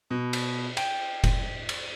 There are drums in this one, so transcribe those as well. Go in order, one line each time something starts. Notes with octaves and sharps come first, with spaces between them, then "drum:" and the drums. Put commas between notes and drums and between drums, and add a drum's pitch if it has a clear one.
B2
drum: cymbal
G5, drum: cymbal
drum: kick F1, cymbal
drum: cymbal